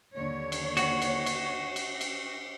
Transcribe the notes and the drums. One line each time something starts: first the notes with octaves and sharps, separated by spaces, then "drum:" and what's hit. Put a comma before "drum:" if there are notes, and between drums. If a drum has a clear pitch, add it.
D#2 D3 C#5
drum: cymbal
F#4, drum: cymbal
drum: cymbal
drum: cymbal
drum: cymbal
drum: cymbal